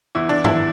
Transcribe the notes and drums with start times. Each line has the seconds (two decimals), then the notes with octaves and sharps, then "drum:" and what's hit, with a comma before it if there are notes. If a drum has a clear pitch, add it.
0.15 E2 E3 E4
0.29 D4
0.44 E4, drum: tom